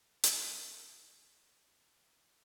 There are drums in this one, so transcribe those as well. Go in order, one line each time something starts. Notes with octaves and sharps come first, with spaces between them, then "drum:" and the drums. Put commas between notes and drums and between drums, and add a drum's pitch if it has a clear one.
C#4 A#4 F#5 G5 E6, drum: hi-hat